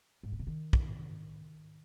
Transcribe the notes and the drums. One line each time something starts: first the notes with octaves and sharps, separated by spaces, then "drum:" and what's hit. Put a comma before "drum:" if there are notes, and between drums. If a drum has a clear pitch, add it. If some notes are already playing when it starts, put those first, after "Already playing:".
G#2
B2
C#3
D#3
drum: kick